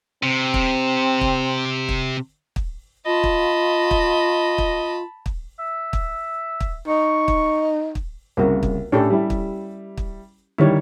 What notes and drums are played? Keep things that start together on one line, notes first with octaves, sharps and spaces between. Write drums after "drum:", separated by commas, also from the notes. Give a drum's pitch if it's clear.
C3 C4
drum: kick
drum: kick
drum: kick
drum: kick
F4 D#5 A5 B5
drum: kick
drum: kick
drum: kick
drum: kick
E5
drum: kick
drum: kick
D#4 C#6
drum: kick
drum: kick
C2 C#3 A#3 F#4
drum: kick
A2 C#4 D4 G4 A4
G3 E4
drum: kick
drum: kick
D3 D#3 G3 E4 C#5